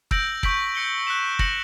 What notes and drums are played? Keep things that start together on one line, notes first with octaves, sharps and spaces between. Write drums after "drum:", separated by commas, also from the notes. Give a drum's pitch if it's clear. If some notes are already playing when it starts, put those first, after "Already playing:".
E6 G6 A#6 D7 F#7, drum: kick
C#6 G6 B6 D7 F#7, drum: kick
G6 C#7 G7
F#6 B6 E7
A#6 C#7 F#7, drum: kick